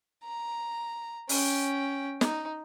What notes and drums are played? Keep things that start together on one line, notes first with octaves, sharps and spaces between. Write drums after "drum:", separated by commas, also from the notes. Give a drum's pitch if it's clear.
A#5
C#4 G5, drum: open hi-hat
D#4, drum: snare